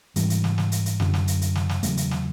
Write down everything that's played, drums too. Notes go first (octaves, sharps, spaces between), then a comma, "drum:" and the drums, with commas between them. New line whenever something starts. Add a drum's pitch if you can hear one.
G#2 E3 G3, drum: hi-hat
drum: hi-hat
drum: snare
drum: snare
drum: hi-hat
drum: hi-hat
F#2 D3 F#3, drum: snare
drum: snare
drum: hi-hat
drum: hi-hat
drum: snare
drum: snare
E2 C#3 F#3 A3, drum: hi-hat
drum: hi-hat
drum: snare